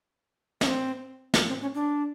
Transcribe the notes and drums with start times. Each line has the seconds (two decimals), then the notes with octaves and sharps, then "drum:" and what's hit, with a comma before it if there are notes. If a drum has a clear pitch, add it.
0.61 C#4, drum: snare
0.67 C4
1.34 drum: snare
1.48 C4
1.62 C#4
1.75 D4